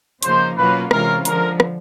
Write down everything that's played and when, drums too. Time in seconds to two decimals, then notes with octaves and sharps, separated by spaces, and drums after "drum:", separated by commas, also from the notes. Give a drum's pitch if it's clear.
0.23 C#3 F3 A#3 D#4 C5, drum: hi-hat
0.57 B2 F#3 A#3 C#4 F4 B4
0.91 C3 E3 G#3 C#4 F4 A#4, drum: rim click
1.25 D3 F3 G#3 A#4, drum: hi-hat
1.60 drum: rim click